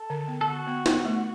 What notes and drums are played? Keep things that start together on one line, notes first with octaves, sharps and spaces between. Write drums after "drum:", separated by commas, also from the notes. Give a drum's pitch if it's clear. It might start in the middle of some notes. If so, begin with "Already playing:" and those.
Already playing: A4
D3
B3
A4
D3 F#4
B3
B3, drum: snare
A3